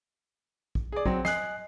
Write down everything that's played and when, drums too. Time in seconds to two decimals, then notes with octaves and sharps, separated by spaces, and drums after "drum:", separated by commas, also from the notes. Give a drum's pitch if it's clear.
0.75 drum: kick
0.92 G#4 D5
1.06 F#3 C4, drum: kick
1.25 D#5 G#5 F#6 C7, drum: snare